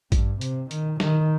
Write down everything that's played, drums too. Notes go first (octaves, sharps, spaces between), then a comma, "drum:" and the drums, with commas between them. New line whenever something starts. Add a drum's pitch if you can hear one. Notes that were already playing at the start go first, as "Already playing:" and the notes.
G2, drum: kick A1, hi-hat
C3, drum: hi-hat
D#3, drum: hi-hat
D#3, drum: snare